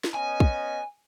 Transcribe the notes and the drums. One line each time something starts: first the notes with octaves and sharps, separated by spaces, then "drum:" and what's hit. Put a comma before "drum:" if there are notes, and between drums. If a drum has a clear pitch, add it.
drum: snare
B3 C#4 D#5 G#5
drum: kick